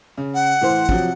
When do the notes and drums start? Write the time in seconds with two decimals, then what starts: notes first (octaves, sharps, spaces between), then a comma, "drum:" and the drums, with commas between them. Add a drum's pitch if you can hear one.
0.17 C#3
0.35 F#5
0.61 A2 E3 C5
0.89 C3 F3 F#3, drum: kick